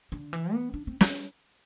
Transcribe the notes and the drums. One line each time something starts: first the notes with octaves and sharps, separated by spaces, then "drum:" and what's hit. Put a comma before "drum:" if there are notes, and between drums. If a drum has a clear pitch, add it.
D3
E3
B3
D4
C4
C4, drum: snare